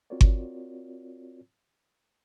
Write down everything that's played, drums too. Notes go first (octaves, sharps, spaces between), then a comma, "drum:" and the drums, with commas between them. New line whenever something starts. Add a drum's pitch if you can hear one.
C4 F4 F#4 A#4 C#5 D5
drum: kick G1